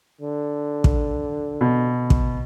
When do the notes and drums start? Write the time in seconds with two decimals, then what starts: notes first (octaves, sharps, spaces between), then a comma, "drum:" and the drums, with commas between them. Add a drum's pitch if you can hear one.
0.21 D3
0.84 drum: kick
1.61 B2
2.10 drum: kick